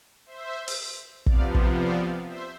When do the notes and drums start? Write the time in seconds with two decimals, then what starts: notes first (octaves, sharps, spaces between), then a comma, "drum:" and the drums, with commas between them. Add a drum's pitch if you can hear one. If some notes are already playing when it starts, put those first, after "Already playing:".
0.26 C5 E5
0.68 drum: open hi-hat
1.26 C3 F3 B3 D5 F5, drum: kick
1.54 drum: kick
1.77 D5 F5
2.27 C5 E5